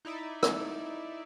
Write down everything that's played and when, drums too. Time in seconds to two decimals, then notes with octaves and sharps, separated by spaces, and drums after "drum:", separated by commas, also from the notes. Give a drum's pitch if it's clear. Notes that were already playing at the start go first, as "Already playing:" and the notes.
0.05 D#4 E4 D5 E5
0.43 drum: rim click